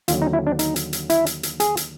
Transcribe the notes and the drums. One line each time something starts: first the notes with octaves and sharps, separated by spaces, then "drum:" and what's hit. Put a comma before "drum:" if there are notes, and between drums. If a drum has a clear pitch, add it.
D#2 D3 F#3 F4, drum: hi-hat
D#4
E4
D4
D#4, drum: hi-hat
drum: hi-hat
drum: hi-hat
E4, drum: hi-hat
drum: hi-hat
drum: hi-hat
G#4, drum: hi-hat
drum: hi-hat